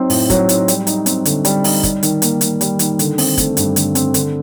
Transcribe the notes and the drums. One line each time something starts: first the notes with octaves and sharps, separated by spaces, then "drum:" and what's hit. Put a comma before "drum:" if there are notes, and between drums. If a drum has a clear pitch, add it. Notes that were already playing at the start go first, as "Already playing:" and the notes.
Already playing: F#3 C4 D#4
A2, drum: open hi-hat
F#3, drum: kick, hi-hat
D#4, drum: hi-hat
G3, drum: hi-hat
D#4, drum: hi-hat
C4, drum: hi-hat
D3, drum: hi-hat
G3, drum: hi-hat
D#4, drum: open hi-hat
G3, drum: kick, hi-hat
D#3, drum: hi-hat
A#3, drum: hi-hat
D#3, drum: hi-hat
G3, drum: hi-hat
D#3, drum: hi-hat
D3, drum: hi-hat
C4, drum: open hi-hat
A3, drum: kick, hi-hat
G2, drum: hi-hat
D3, drum: hi-hat
C4, drum: hi-hat
D3, drum: hi-hat